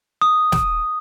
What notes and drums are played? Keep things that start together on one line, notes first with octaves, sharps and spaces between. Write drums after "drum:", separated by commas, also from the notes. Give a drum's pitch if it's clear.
D#6
drum: snare